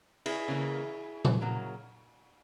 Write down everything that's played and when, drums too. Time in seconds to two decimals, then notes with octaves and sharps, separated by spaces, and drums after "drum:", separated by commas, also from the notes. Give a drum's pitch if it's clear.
0.26 E4 G#4, drum: cymbal
0.48 C#3 E3 A#3
1.25 drum: tom A#2
1.41 C#3 F#3 A#3